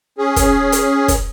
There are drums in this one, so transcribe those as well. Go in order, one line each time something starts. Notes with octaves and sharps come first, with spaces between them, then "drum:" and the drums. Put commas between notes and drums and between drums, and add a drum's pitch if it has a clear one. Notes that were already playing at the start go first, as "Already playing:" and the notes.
C#4 G#4
drum: kick, hi-hat
drum: hi-hat
drum: kick, hi-hat